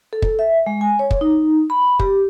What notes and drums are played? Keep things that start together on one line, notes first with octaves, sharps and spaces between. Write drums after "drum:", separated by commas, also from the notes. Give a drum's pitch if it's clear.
A4
drum: kick
E5
G#3
G#5
C#5
drum: kick
D#4
B5
G4, drum: kick